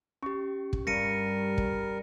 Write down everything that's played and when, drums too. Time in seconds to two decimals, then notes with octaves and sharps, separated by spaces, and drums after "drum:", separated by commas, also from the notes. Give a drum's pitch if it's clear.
0.23 C#4 G4 C#6
0.73 drum: kick
0.87 G2 G3 A#4 A#6 C#7 D#7
1.58 drum: kick